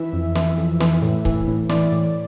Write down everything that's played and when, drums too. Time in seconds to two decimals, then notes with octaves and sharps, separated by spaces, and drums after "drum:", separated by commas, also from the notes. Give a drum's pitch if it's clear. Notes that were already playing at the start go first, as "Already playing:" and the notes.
Already playing: E3 E5
0.13 F2
0.35 E3, drum: snare
0.57 F2
0.80 E3, drum: snare
1.02 A2
1.25 E3, drum: kick
1.47 A2
1.69 E3 D5, drum: snare
1.92 A2